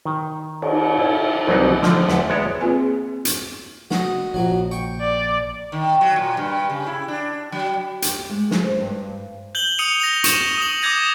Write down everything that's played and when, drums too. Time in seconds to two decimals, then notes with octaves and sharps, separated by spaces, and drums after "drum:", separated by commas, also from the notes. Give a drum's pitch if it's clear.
0.05 D#3
0.62 drum: cymbal
0.98 E4
1.48 C2 E3 F#3 B3 C4 D#4
1.83 D3 F3, drum: snare
2.08 E2 E5, drum: snare
2.30 G#3 B3 C#5 D5 E5
2.61 A#3 C4 F4 G#4 B4 G#5
3.25 drum: hi-hat
3.91 F#4 D#5, drum: snare
4.34 A#1 F2 F#3
4.71 G5 C#6
5.00 D5
5.72 D#3
6.01 F#3
6.16 A#2
6.37 G2
6.70 C#3
6.87 E4
7.08 D4
7.52 F#3
8.02 G4, drum: hi-hat
8.29 G#3
8.51 drum: snare
8.64 C5
8.80 G2
9.55 G6 F#7 G7
9.78 D#6 C#7 D#7 F7
10.00 A#6 F7 G7
10.24 C#6 E7, drum: hi-hat
10.57 D#6 F#7
10.82 D6 D#6 G6 G#6 A#6 D#7